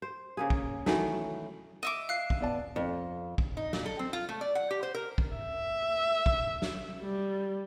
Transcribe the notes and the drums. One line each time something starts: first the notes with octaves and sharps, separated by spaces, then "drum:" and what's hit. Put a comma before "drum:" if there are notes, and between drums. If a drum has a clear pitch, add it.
C5
C#3 A#3 G#4
drum: kick
D#3 E3 F#3 A3, drum: snare
D#5 E5 D6
F5 F#6 C7
drum: kick
B3 D5 A5
F2
drum: kick
D#4
A#2, drum: snare
A4
C4
F4
A3
D5
F#5
G4
C5
A#4
drum: kick
E5
drum: kick
drum: snare
G3